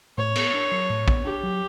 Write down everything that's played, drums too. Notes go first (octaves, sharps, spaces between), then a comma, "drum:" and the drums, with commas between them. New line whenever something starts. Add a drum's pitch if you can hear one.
A2 C#5
B3, drum: cymbal
D4
F#3
A2
B3, drum: kick
D4 G4
F#3